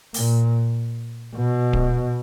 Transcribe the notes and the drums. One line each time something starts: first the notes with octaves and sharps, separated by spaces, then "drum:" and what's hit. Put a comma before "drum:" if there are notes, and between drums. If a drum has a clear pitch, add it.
A#2, drum: open hi-hat
B2
drum: kick D1